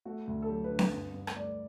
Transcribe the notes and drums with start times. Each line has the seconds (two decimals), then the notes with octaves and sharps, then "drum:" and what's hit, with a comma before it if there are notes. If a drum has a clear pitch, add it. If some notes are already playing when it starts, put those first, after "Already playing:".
0.05 A3 F#4
0.27 D2
0.42 A4
0.49 F#3 G4
0.64 B4
0.71 D3
0.79 B4, drum: snare C4
0.93 G2
1.14 G2
1.27 drum: rim click
1.36 A3 D5